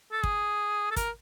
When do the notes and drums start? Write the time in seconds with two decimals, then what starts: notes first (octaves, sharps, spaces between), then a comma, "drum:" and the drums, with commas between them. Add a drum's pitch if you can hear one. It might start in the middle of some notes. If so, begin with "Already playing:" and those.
0.12 A4
0.23 G#4, drum: kick
0.91 A4
0.96 A#4, drum: kick, hi-hat